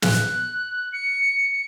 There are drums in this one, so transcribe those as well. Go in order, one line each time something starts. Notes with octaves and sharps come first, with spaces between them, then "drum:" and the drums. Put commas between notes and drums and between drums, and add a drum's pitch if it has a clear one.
F#6, drum: snare
C#7